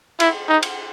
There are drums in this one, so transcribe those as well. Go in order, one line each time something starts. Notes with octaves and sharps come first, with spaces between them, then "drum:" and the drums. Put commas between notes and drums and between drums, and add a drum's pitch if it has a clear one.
E4, drum: cymbal
D#4
drum: cymbal